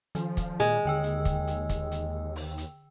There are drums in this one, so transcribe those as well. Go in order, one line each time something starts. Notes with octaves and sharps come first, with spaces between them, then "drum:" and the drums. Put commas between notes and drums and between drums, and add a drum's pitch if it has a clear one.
D#3 F3, drum: hi-hat
drum: kick, hi-hat
A#2 G#3, drum: hi-hat
D#2 D3 G5 E6
drum: hi-hat
drum: kick, hi-hat
drum: hi-hat
drum: kick, hi-hat
drum: hi-hat
drum: open hi-hat
drum: hi-hat